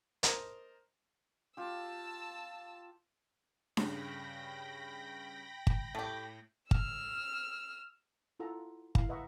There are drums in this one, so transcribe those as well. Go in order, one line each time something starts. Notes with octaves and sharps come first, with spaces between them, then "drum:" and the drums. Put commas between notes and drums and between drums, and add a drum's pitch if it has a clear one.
A#4 C5 D#5 A5 A#5 D6, drum: hi-hat
F4 G4 A5 E6
G2 C#3 G5 B5 A#6, drum: snare D4
drum: kick
A2 A3 G4
E6 F6, drum: kick
E4 F4 A4 F#5 A#5
E4 F5 B5, drum: kick
B4 D#5 E5 F#5 A#5 C#6